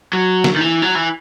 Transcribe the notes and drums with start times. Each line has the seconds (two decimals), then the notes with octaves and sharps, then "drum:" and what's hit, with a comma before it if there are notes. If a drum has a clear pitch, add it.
0.13 F#3
0.44 drum: snare
0.56 D#3
0.61 E3
0.82 F#3
0.95 E3